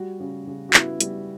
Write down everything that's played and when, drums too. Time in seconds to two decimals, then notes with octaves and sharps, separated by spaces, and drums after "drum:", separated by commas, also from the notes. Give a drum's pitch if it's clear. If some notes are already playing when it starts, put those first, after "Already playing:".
Already playing: G3 F#4
0.20 C#3
0.47 C#3
0.69 F#4
0.74 B3 E4, drum: clap
1.00 G3, drum: hi-hat